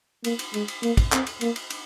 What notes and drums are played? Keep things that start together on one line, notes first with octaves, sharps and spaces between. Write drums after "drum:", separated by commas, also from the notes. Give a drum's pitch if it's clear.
A#3, drum: cymbal
drum: cymbal
G#3, drum: cymbal
drum: cymbal
A#3, drum: cymbal
drum: kick, cymbal
C4, drum: clap
drum: cymbal
A#3, drum: cymbal
drum: cymbal
drum: cymbal